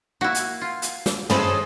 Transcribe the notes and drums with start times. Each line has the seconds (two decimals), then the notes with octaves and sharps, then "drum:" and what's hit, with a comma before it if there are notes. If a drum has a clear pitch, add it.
0.21 A#3 E4 F#4
0.35 drum: hi-hat
0.61 F4
0.82 drum: hi-hat
1.06 drum: snare
1.30 D#3 G#3 C#4 G#4 A4 B4 C5, drum: tom